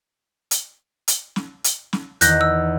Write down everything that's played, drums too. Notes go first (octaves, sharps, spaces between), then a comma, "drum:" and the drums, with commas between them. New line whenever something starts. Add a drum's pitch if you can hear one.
drum: hi-hat
drum: hi-hat
drum: snare
drum: hi-hat
drum: snare
E2 D#3 F#6 G6 A#6, drum: hi-hat
E6